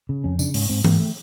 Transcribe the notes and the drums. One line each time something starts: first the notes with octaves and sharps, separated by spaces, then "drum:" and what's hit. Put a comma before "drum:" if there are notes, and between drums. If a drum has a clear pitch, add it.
C#3
F2 C#4
C#3 D4, drum: tambourine
G#2 C#4, drum: open hi-hat
G#2 C4
G#2 A#3, drum: tom E3
A3